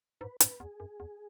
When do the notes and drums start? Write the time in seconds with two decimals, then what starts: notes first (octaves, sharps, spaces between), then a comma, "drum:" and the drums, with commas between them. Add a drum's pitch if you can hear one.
0.21 G#2 B4
0.40 G#2 B4, drum: hi-hat
0.60 E2 G#4
0.80 F#2
1.00 E2